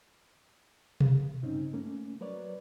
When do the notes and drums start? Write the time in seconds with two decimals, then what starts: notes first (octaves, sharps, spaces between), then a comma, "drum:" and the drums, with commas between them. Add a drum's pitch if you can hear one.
1.00 drum: tom B2
1.42 G2 C#3 C4 C#4 D#4
1.73 A3 A#3 C#4
2.21 F#3 A#4 B4 C#5 D5